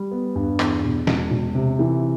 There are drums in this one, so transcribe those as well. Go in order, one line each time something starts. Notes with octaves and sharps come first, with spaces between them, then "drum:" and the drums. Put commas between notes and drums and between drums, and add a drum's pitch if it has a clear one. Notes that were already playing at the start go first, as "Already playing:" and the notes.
Already playing: G3
B3
G2
E2, drum: clap
B2
E1, drum: snare
E1
C3
E3